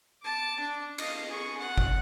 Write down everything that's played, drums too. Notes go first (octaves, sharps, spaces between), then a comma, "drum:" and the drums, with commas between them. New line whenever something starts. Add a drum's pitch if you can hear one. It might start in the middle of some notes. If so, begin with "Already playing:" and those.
A5 D6
D4
D#5 F5, drum: cymbal
G#4 C#6
F#5
drum: kick G1